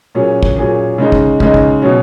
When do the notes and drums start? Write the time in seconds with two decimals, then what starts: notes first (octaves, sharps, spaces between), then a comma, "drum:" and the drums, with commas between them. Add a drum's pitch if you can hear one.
0.15 A#2 F#3 C#4 G#4
0.43 drum: kick
0.56 A#2 F#3 C#4 G#4
0.98 C#3 G#3 D#4
1.12 drum: kick
1.40 C#3 G#3 D#4, drum: kick
1.54 drum: kick
1.82 B2 F#3 C#4